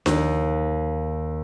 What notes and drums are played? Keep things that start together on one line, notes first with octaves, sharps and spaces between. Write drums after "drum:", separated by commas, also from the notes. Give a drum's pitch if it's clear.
D#2, drum: snare D4